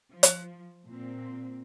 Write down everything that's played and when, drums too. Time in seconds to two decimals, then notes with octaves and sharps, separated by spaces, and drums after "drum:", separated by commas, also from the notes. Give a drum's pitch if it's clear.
0.11 F3
0.23 drum: hi-hat
0.86 A#2 C4